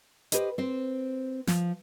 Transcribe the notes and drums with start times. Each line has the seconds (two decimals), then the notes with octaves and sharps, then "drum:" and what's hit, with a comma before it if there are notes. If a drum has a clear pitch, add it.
0.32 G4 B4 C5 D#5, drum: hi-hat
0.58 C4 C5
1.47 F3, drum: snare